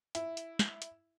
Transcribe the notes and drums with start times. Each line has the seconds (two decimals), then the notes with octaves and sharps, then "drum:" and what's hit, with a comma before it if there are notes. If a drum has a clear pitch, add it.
0.15 E4, drum: hi-hat
0.37 drum: hi-hat
0.59 drum: snare
0.82 drum: hi-hat